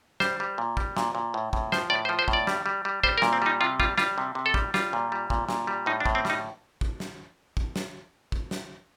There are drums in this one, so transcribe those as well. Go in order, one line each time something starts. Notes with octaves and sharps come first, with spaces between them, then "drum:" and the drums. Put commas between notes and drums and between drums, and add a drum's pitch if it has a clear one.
G3 C5, drum: snare
G3
A#2
G3, drum: kick
A#2, drum: snare
A#2
A2
A2, drum: kick
F3 C5, drum: snare
A2 D5
C5
F3
C5
A2, drum: kick
D5
G3, drum: snare
G3
G3
G3 C5, drum: kick
A#4
A#2, drum: snare
C4
G3 D#4
C3 F4
G3 F4, drum: kick
G3 F4, drum: snare
C3
C3
A4
G3, drum: kick
G3 F4, drum: snare
A#2
G3
A#2, drum: kick
A#2, drum: snare
G3
A2 D#4
D4
A2, drum: kick
C4
G3 D#4, drum: snare
drum: kick
drum: snare
drum: kick
drum: snare
drum: kick
drum: snare